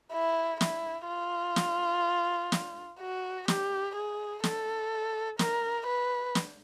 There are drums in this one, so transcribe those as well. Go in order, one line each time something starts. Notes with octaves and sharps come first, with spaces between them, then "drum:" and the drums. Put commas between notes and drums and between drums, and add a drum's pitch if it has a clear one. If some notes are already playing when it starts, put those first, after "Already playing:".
E4
E4, drum: snare
F4
drum: snare
drum: snare
F#4
G4, drum: snare
G#4
A4, drum: snare
A#4, drum: snare
B4
drum: snare